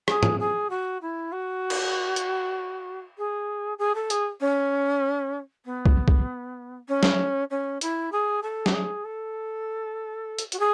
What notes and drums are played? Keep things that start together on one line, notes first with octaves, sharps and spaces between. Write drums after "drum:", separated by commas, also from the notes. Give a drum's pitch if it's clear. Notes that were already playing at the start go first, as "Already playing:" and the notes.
G#4, drum: rim click
drum: tom
G#4
F#4
E4
F#4
drum: cymbal
drum: hi-hat
G#4
G#4
A4
G#4, drum: hi-hat
C#4
B3
drum: kick
drum: kick
C#4
drum: snare
C#4
E4, drum: hi-hat
G#4
A4
F#4, drum: snare
G#4
A4
drum: hi-hat
F#4, drum: hi-hat
G#4